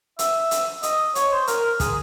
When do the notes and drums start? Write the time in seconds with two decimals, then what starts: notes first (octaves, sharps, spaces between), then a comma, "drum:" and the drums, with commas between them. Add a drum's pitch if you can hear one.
0.19 E5, drum: hi-hat
0.51 drum: hi-hat
0.83 D#5, drum: hi-hat
1.15 C#5, drum: hi-hat
1.32 C5
1.47 A#4, drum: hi-hat
1.80 G#4, drum: kick, hi-hat